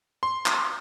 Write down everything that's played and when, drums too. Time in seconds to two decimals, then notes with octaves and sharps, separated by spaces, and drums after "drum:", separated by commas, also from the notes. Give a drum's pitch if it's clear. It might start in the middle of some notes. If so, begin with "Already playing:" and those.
0.23 C6
0.46 drum: clap